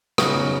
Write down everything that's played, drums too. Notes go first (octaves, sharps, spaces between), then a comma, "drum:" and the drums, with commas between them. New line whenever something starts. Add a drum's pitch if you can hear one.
C#3 F#3 B3 D#4 C#6, drum: rim click